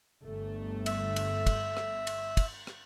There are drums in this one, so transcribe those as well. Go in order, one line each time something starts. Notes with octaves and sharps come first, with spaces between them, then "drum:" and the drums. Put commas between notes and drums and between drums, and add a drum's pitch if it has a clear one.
G1 A3
E5, drum: cymbal
drum: cymbal
drum: kick, cymbal
drum: rim click
drum: cymbal
drum: kick, cymbal
drum: rim click